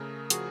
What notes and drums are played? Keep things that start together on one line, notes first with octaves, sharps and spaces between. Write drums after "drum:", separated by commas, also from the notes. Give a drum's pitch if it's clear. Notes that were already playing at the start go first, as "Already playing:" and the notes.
Already playing: C#3 A3 G#4 A#4
F3 F#4 G#4, drum: hi-hat